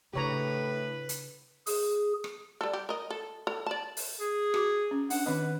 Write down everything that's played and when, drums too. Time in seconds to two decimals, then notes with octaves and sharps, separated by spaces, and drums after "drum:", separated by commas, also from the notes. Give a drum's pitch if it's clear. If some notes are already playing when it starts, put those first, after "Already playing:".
0.13 A2 C#3 D4 G4 B4 C#5 A#5
1.09 drum: hi-hat
1.66 G#4, drum: open hi-hat
2.24 drum: rim click
2.61 G3 A4
2.73 G4
2.89 A#4 D#5
3.10 A4
3.47 A4
3.66 D5 A5
3.97 drum: open hi-hat
4.20 G#4
4.54 F#4 D6, drum: rim click
4.91 C#4
5.10 D4 F#5, drum: open hi-hat
5.26 D#3 C4 B4 D#5